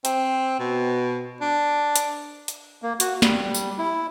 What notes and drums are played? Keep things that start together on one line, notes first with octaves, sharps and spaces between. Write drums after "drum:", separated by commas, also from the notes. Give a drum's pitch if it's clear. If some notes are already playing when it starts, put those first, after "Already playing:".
C4, drum: hi-hat
B2
D4
drum: hi-hat
drum: hi-hat
A#3
F#4, drum: hi-hat
G3, drum: snare
drum: tambourine
E4